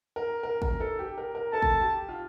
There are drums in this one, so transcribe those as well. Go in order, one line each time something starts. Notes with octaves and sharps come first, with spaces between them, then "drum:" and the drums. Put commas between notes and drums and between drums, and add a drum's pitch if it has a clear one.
A#4
A#4
A#4, drum: kick
A4
G4
A#4
A#4
A4 A5
drum: kick
G4
F4